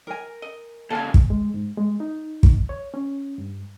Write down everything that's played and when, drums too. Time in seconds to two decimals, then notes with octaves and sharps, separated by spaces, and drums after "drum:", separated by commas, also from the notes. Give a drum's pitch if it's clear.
0.07 A#4 G#5
0.42 D#5
0.90 A#2 C#3 A4 F5 G#5
1.14 drum: kick
1.30 G#3
1.54 G#2
1.77 G#3
2.00 D#4
2.43 drum: kick
2.69 C#5
2.94 C#4
3.38 G2